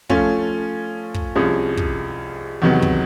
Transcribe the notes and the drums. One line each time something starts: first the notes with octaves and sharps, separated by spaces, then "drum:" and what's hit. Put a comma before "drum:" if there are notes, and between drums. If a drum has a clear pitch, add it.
F3 A3 C#4 F4, drum: kick
drum: kick
C2 C3 F3 G#3 C#4
drum: kick
E2 C3 D#3 F#3 B3
drum: kick